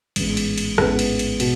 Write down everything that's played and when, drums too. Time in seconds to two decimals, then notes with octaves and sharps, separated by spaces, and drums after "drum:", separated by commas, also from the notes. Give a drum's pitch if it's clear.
0.16 A1 G#2 E3 G#3 B3, drum: cymbal
0.37 drum: cymbal
0.58 drum: cymbal
0.78 A1 G#2 E3 G#3 B3, drum: rim click
0.99 drum: cymbal
1.19 drum: cymbal
1.40 B2, drum: cymbal